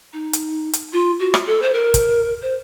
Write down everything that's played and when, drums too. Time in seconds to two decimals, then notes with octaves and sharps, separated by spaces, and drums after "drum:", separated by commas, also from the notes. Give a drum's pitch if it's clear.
0.13 D#4
0.33 drum: hi-hat
0.73 drum: hi-hat
0.93 F4
1.20 F#4
1.34 drum: rim click
1.47 A4
1.62 C5
1.74 A#4
1.94 drum: kick, hi-hat
2.42 C5